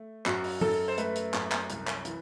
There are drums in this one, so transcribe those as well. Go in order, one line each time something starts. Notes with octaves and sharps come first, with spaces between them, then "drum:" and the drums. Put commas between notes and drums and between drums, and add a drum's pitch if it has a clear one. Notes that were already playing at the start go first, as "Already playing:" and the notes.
Already playing: A3
F#2 F#4, drum: clap
drum: open hi-hat
F#2 A4, drum: tom
C5
A3 B4, drum: hi-hat
drum: hi-hat
F#2, drum: clap
drum: clap
C2, drum: hi-hat
drum: clap
E3, drum: hi-hat